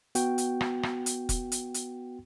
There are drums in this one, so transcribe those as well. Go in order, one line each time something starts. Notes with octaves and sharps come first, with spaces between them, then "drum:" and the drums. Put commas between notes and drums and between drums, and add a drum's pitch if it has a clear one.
B3 F#4 G5, drum: hi-hat
drum: hi-hat
drum: rim click
drum: rim click
drum: hi-hat
drum: kick, hi-hat
drum: hi-hat
drum: hi-hat